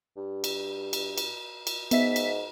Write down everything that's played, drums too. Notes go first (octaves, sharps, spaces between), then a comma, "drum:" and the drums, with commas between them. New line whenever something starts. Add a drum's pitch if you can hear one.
G2
drum: cymbal
drum: cymbal
drum: cymbal
drum: cymbal
G#2 B3 E5 B6, drum: cymbal
drum: cymbal